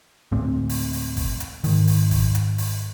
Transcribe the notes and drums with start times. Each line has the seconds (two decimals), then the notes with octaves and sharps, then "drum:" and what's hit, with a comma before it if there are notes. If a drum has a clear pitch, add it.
0.32 D2 A2 G#3 C4
0.69 drum: open hi-hat
0.93 drum: open hi-hat
1.17 drum: kick G1, open hi-hat
1.40 drum: hi-hat
1.64 G#2 D#3, drum: open hi-hat
1.87 drum: open hi-hat
2.11 drum: kick G1, open hi-hat
2.35 drum: hi-hat
2.58 drum: open hi-hat